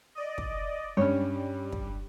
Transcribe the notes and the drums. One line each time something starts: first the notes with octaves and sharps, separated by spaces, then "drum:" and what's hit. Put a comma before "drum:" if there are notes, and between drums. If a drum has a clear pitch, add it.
D5 D#5
drum: kick
G2 G3 C#4 C#5
drum: kick